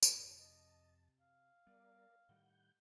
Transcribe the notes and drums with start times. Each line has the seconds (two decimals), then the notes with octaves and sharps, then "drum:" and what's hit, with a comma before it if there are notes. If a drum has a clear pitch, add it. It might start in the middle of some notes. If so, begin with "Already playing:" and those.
0.03 drum: tambourine
0.14 G#1 F2 A#2 D3 A5
0.36 C3 D#5
1.20 F5
1.67 G3 B3 A#4 D5
2.29 A2 D#3 G3 F#5 G6